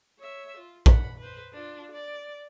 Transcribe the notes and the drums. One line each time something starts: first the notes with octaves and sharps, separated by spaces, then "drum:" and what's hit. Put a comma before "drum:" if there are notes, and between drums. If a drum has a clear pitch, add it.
C#5 E5
F4
F#5 B5, drum: kick A#1
B4 C5
D4 F4
D5